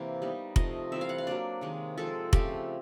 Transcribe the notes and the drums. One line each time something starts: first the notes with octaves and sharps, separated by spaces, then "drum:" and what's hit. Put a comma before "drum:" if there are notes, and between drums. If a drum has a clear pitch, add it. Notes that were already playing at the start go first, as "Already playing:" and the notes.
Already playing: C3 E3 A#3 C4
G3 B3 D#4
C3 F3 A3 D#5, drum: kick F1
E3 G3 C4 E5
F5
F#5
F5
F#3 A#3 D4 D5
C3 D#3 G#3
F3 G#3 C4 A4
C#3 F3 A3 C4 G4, drum: kick F1